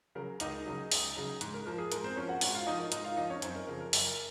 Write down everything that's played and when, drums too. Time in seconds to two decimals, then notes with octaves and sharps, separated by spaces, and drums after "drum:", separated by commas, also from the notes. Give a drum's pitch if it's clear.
0.15 C#3 F#3 A#4
0.40 C#2 D#4 D#5, drum: hi-hat
0.66 C#3 F#3
0.91 C#2, drum: open hi-hat
1.17 C#3 F#3
1.41 G#2, drum: hi-hat
1.54 A#4
1.66 F3 A#4
1.78 G#4
1.92 G#2 A#4, drum: hi-hat
2.04 C4 C5
2.16 F3 C#4 C#5
2.29 F#4 F#5
2.41 G#2 F#4 F#5, drum: open hi-hat
2.54 F4 F5
2.67 F3 D#4 D#5
2.79 A#4
2.92 G#2 D#4 D#5, drum: hi-hat
3.04 F4 F5
3.17 F3 D#4 D#5
3.30 C#4 C#5
3.42 F#2 C4 C5, drum: hi-hat
3.56 A#4
3.67 C#3 F3 A#4
3.80 A#4
3.93 F#2, drum: open hi-hat